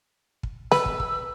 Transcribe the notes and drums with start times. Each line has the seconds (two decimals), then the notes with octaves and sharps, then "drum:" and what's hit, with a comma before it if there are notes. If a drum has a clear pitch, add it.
0.43 drum: kick
0.72 B4 E6, drum: snare
0.86 drum: kick
1.00 drum: kick